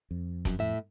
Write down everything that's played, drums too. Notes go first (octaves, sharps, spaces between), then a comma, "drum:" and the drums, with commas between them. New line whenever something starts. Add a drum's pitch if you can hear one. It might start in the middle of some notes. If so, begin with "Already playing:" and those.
F2
F#2, drum: kick F1, hi-hat
A2 E5